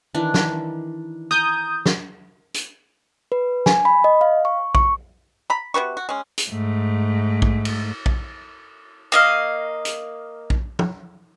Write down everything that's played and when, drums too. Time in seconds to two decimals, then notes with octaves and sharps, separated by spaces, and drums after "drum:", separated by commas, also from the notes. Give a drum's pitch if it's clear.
0.15 D#3 E3 D4
0.34 drum: snare
1.31 G#5 A#5 D#6 G6
1.86 drum: snare
2.54 drum: hi-hat
3.32 B4
3.66 G#5, drum: snare
3.85 B5
4.04 D#5
4.21 F5
4.45 C#6
4.75 C#6, drum: kick A#1
5.50 A#5 B5
5.74 C3 F#4 B4 C#6
5.97 F#4
6.09 G#3 C#4
6.38 drum: hi-hat
6.49 G#2 A3
7.42 drum: kick A#1
7.65 drum: cymbal
8.06 drum: kick A#1
9.12 A#3 D#5 F5
9.85 drum: hi-hat
10.50 drum: kick A#1
10.79 drum: tom